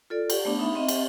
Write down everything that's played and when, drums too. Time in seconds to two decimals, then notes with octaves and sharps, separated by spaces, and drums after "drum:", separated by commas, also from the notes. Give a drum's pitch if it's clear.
0.10 F4 A4 D5
0.30 G4 D5, drum: cymbal
0.45 A3 B3 D4
0.59 D#4 E5 B5
0.75 C4 D#5 E5
0.89 drum: cymbal